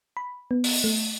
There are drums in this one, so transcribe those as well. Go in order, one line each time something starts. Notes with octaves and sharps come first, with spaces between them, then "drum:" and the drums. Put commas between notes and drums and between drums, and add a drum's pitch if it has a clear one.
B5
B3
drum: open hi-hat
A3